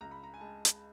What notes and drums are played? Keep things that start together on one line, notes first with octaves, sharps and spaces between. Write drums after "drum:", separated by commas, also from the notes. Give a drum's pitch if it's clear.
C#2 A#5
B5
A#5
G#5
G#3 A5
drum: hi-hat